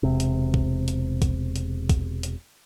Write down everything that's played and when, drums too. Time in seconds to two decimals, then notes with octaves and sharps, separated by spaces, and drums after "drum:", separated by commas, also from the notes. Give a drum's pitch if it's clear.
0.03 E1 C3
0.20 drum: hi-hat
0.54 drum: kick
0.88 drum: hi-hat
1.22 drum: kick, hi-hat
1.56 drum: hi-hat
1.89 drum: kick, hi-hat
2.23 drum: hi-hat